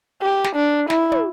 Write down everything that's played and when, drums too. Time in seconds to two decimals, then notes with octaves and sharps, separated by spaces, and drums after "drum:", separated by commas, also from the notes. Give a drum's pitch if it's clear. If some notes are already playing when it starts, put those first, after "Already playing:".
0.22 G4
0.44 drum: snare
0.56 D4
0.90 E4, drum: snare
1.12 drum: tom